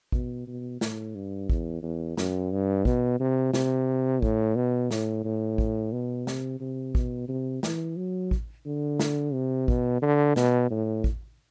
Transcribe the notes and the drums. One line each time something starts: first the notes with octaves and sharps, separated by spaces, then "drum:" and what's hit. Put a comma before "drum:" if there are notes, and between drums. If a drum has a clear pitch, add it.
B2, drum: kick A1
B2
A2, drum: snare
G2
E2, drum: kick A1
E2
F#2, drum: snare
G2
B2, drum: kick A1
C3
C3, drum: snare
A2, drum: kick A1
B2
A2, drum: snare
A2
drum: kick A1
B2
C3, drum: snare
C3
B2, drum: kick A1
C3
E3, drum: snare
F#3
drum: kick A1
D3
drum: snare
C3
B2, drum: kick A1
D3
B2, drum: snare
A2
drum: kick A1